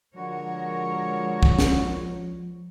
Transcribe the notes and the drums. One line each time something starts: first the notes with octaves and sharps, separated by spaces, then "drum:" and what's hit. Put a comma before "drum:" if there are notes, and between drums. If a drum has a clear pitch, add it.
D3 F3 G#3 F#4 A#4 C#5
drum: kick
drum: snare